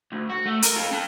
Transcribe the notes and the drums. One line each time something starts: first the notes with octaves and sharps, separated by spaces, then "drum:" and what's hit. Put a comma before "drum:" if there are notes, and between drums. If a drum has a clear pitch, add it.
D2
F#4
A3
A#4, drum: hi-hat
F4 A4
C4 A5